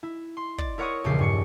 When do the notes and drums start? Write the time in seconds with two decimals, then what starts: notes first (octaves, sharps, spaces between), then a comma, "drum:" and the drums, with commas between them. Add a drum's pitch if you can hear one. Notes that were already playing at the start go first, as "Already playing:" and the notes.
0.03 E4
0.37 C6
0.58 D5, drum: kick
0.78 E4 A#4 C#5 F#5 C#6 D#6
1.04 D#1 A#1 E2 C#3 G4 C7
1.19 G2 C#6 C#7